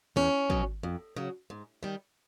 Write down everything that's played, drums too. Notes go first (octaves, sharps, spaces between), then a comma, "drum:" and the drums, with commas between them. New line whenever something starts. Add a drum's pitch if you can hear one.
E2 C#4
B2 F#3, drum: kick
F2
C#3 F#3
G#2
D#3 G3